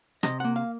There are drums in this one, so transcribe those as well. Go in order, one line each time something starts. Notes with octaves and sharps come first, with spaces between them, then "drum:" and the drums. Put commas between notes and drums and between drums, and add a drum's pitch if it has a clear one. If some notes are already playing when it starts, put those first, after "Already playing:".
C3 D#5, drum: rim click
A#3 F#5
F5